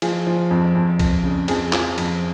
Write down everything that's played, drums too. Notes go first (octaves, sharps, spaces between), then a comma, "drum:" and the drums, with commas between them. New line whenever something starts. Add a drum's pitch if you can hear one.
F3 G#4, drum: cymbal
F3
F2
F2
F2, drum: kick, cymbal
C#3
F2 G#4, drum: cymbal
F3, drum: clap
F2, drum: cymbal